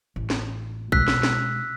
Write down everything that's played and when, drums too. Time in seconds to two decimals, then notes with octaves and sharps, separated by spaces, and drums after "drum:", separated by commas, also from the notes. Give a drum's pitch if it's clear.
0.16 A1
0.30 drum: snare
0.92 B2 G#3 E6 F#6 B6, drum: kick
1.08 drum: snare
1.23 drum: snare